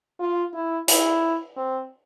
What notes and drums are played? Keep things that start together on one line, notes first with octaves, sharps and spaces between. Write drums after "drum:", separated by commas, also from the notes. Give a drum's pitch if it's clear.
F4
E4
E4, drum: hi-hat
C4